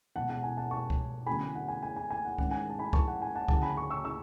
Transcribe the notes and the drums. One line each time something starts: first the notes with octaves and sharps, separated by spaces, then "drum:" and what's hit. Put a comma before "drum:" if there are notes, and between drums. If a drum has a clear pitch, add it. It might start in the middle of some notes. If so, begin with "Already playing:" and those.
E1 E2 B2 F#5 A5
F#5 A5
G#5
F#5 A5
A5 C#6
drum: kick
E2 D3 F#3 A3 C#4 G#5 B5
G#5
F#5
G#5
G#5
G#5
G#5
F#5
G#1 G#2 G#3 C#4 F#5, drum: kick
G#5
A5
G#5 B5
A5 C#6, drum: kick
F#5
G#5
F#5 A5
D2 C#3 F#3 A3 E4 F#5 A5, drum: kick
G#5 B5
A5 C#6
C#6 E6
C#6 E6